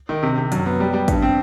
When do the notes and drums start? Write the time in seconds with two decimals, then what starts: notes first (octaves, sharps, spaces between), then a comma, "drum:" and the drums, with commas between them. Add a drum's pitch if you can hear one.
0.09 D#3
0.23 C3
0.37 C3
0.52 F#2, drum: hi-hat
0.66 B3
0.80 G3
0.93 G3
1.08 G2, drum: kick, hi-hat
1.22 C4